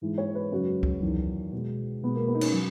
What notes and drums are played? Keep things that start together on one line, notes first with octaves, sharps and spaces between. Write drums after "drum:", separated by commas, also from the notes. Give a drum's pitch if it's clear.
G#2 E3 G#3
C#5
B4
F#2 C#3 G#3 F#4
drum: kick C#2
E2 D#3 F#3
B2 G#3
B2 G#3 B3
A#3
B3
D#4
C#4, drum: cymbal
F#3